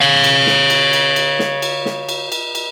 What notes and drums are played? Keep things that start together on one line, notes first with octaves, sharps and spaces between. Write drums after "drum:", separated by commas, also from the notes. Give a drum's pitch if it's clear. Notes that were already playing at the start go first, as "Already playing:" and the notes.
C#5 F5
drum: cymbal
drum: snare
drum: cymbal
drum: cymbal
drum: cymbal
drum: snare
drum: cymbal
drum: snare
drum: cymbal
drum: cymbal
drum: cymbal